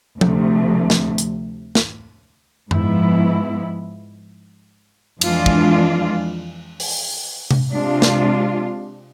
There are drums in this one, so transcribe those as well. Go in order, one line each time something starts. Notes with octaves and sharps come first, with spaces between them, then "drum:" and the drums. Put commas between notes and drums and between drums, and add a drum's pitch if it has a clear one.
D2 C3 F3 A3, drum: tom F3
drum: snare
drum: hi-hat
drum: snare
G#2 F3 B3 E4, drum: tom F#2
F2 E3 G#3 D4 F4, drum: cymbal
drum: kick
drum: open hi-hat
drum: tom C3
C3 G#3 D4 F4
drum: snare